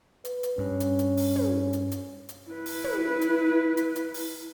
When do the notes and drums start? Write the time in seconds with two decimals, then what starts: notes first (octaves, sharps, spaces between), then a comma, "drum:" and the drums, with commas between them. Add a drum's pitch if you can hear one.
0.25 B4, drum: hi-hat
0.43 drum: hi-hat
0.58 G2 C#4
0.80 drum: hi-hat
0.99 drum: hi-hat
1.17 drum: open hi-hat
1.36 drum: tom
1.73 drum: hi-hat
1.92 drum: hi-hat
2.29 drum: hi-hat
2.51 E4 B4
2.66 drum: open hi-hat
2.84 drum: tom
3.21 drum: hi-hat
3.77 drum: hi-hat
3.96 drum: hi-hat
4.14 drum: open hi-hat